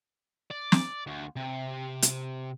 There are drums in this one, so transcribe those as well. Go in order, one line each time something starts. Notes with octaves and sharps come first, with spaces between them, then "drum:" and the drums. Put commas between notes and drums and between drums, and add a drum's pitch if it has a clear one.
D5
drum: snare
D2
C3
drum: hi-hat